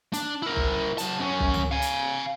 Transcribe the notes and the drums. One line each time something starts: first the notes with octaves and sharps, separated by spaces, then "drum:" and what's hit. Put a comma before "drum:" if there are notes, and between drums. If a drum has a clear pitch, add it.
D4, drum: hi-hat
E4 A#4
drum: kick B1
F#3 A5, drum: hi-hat
F#2 C#4
drum: kick B1
drum: tom C#2
F5 G#5
drum: hi-hat